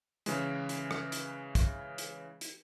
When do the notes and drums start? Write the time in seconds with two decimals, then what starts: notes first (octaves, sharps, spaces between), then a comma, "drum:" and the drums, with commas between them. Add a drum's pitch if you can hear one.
0.26 C#3 E3 G#3, drum: hi-hat
0.69 drum: hi-hat
0.91 drum: rim click
1.12 drum: hi-hat
1.55 drum: kick, hi-hat
1.98 drum: hi-hat
2.41 drum: hi-hat